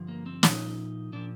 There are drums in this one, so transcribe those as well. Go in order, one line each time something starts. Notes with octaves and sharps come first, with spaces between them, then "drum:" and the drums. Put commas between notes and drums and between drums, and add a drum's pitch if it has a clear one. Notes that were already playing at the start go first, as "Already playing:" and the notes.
Already playing: G2 D3 F3
A#3
C4
A#2 F3 D#4, drum: snare
A#2 F3 D4